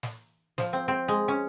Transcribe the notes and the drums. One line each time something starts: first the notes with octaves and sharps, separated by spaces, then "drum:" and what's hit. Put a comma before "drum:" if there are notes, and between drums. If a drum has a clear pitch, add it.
drum: snare
F3, drum: snare
C4
C4
G#3
C#4